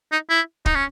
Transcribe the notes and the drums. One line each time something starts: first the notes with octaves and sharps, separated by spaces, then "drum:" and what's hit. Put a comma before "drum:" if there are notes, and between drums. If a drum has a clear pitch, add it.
D#4
E4
D#4, drum: kick
C#4